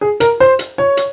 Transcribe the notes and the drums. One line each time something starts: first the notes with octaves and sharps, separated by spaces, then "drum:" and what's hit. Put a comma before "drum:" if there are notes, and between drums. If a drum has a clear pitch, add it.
G#4
A#4, drum: hi-hat
C5
drum: hi-hat
C#5
drum: hi-hat